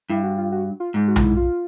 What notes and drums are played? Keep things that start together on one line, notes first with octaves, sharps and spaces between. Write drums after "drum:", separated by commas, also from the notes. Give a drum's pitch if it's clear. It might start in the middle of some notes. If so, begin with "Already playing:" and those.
G2 E4
F#4
F4
F#4
F4
G#2
F#4
F4, drum: tom B1
E4
F4